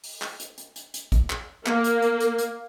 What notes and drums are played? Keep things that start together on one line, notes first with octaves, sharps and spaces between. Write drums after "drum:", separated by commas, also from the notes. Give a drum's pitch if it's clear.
drum: open hi-hat
drum: clap
drum: hi-hat
drum: hi-hat
drum: hi-hat
drum: hi-hat
drum: kick, hi-hat
drum: clap
A#3, drum: clap
drum: hi-hat
drum: hi-hat
drum: hi-hat
drum: hi-hat